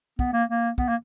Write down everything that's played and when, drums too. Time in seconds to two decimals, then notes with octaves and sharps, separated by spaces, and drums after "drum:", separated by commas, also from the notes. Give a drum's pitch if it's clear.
0.19 B3, drum: kick
0.33 A#3
0.49 A#3
0.78 B3, drum: kick
0.88 A#3